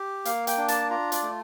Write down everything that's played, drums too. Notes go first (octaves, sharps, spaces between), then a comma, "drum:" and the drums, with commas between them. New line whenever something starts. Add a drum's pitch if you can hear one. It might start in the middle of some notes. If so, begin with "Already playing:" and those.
Already playing: G4
A#3 F5, drum: hi-hat
G5, drum: hi-hat
D4
A5, drum: hi-hat
F4 A#5
D5, drum: hi-hat
A3